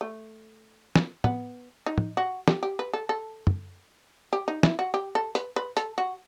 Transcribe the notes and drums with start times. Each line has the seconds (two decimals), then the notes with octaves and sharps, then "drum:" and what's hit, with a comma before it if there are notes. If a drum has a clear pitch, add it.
0.01 A3
0.95 drum: snare
1.24 B3, drum: tom
1.86 D#4
1.98 drum: tom
2.17 F#4
2.48 G4, drum: snare
2.63 G4
2.79 B4
2.93 A4
3.09 A4
3.47 drum: tom
4.33 G4
4.48 D#4
4.63 E4, drum: snare
4.79 F#4
4.94 G4
5.15 A4
5.35 B4, drum: hi-hat
5.56 B4
5.77 A4, drum: hi-hat
5.98 F#4